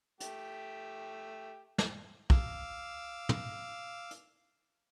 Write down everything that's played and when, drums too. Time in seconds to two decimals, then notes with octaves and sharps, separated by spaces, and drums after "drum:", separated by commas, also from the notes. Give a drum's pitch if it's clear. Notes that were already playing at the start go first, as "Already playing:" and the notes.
0.20 A3 G4, drum: hi-hat
1.78 drum: snare
2.30 F5 D6 E6, drum: kick
3.29 drum: tom
4.11 drum: hi-hat